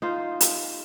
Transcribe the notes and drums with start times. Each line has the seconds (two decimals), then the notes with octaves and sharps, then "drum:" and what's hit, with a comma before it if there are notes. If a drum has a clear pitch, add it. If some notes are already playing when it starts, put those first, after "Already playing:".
0.02 D#4 F4 C5
0.41 drum: hi-hat